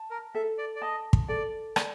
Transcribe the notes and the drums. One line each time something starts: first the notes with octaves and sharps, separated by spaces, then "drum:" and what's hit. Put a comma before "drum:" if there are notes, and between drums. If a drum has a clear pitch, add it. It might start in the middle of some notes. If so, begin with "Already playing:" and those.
Already playing: A5
A#4
A4 E5
D5
D5
D#5 A5
drum: kick
A4 D5
D5, drum: rim click